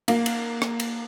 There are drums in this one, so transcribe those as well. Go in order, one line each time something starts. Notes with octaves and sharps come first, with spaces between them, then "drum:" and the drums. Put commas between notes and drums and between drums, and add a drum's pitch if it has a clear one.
A#3, drum: cymbal
drum: cymbal
drum: rim click
drum: cymbal